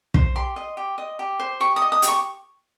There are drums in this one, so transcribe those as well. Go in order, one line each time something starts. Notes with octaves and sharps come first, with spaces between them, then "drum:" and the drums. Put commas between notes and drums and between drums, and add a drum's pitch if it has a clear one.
C5, drum: kick
G4 C6
D#5
G4
D#5
G4
C5
G4 C#6
D#6
D#5
D#6
G4, drum: hi-hat
C#6